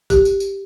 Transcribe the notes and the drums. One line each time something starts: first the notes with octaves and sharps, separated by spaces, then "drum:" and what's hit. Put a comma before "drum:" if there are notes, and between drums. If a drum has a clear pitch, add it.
G4, drum: kick, tambourine
drum: tambourine
drum: tambourine